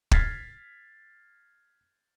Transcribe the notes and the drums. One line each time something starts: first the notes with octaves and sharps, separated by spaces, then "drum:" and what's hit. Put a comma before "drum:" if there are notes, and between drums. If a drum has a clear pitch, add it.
F6 G#6 A6 B6 C7, drum: kick